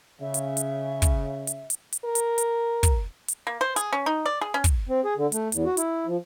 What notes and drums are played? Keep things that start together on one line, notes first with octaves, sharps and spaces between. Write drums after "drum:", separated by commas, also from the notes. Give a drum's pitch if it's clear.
C#3 E5
drum: hi-hat
drum: hi-hat
drum: kick, hi-hat
drum: hi-hat
drum: hi-hat
drum: hi-hat
A#4
drum: hi-hat
drum: hi-hat
drum: kick, hi-hat
drum: hi-hat
A#3
C5
G#4, drum: hi-hat
C#4
D#4
D5
G#4
C#4
drum: kick, hi-hat
C4
G#4
D3
A3, drum: hi-hat
E2, drum: hi-hat
F#4
E4, drum: hi-hat
F3